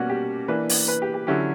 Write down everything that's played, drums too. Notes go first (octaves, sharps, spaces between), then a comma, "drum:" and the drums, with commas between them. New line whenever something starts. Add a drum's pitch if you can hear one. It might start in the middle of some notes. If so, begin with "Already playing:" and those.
Already playing: B2 G3 A#3 C#4 F#4
G4
E3 A#3 D4 B4
drum: open hi-hat
B4
G4
G4
D3 F#3 C#4 E4 G4